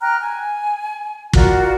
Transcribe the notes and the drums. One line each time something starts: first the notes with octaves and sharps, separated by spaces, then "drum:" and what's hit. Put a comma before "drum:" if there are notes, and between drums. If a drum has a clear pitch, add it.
G5 A#5 F6 F#6
G#5
F4 F#4 A#4 D5, drum: kick